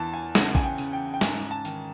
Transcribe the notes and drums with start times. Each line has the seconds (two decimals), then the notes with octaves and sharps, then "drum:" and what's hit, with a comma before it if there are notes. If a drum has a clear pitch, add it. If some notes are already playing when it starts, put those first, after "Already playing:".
Already playing: E2 E3 A5
0.14 G#5
0.35 C#3 F#5, drum: snare
0.55 G#5, drum: kick A1
0.64 G5
0.78 C#3, drum: tambourine
0.93 G5
1.14 G5
1.21 G#2 G#5, drum: snare
1.51 A5
1.65 D#3, drum: tambourine